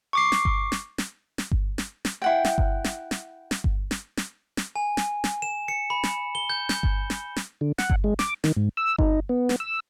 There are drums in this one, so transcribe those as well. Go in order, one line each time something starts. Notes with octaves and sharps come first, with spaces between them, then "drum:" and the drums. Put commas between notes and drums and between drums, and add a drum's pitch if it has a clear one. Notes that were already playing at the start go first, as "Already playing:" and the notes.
C#6 D6 C7
drum: snare
drum: kick G1
drum: snare
drum: snare
drum: snare
drum: kick G1
drum: snare
drum: snare
E4 F#5 G5
drum: snare
drum: kick G1
drum: snare
drum: snare
drum: snare
drum: kick G1
drum: snare
drum: snare
drum: snare
G#5
drum: snare
drum: snare
E7
C#7
B5
drum: snare
G7
G6
G6, drum: snare
drum: kick G1
drum: snare
drum: snare
D3
F#5, drum: snare
drum: kick G1
G#3
D6, drum: snare
D#3, drum: snare
G#2
E6
D#4, drum: kick G1
B3
drum: snare
E6